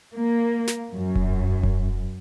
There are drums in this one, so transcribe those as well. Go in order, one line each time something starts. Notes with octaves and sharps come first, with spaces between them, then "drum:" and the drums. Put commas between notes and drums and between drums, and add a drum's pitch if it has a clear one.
A#3
drum: snare
F#2
drum: kick E1
drum: kick E1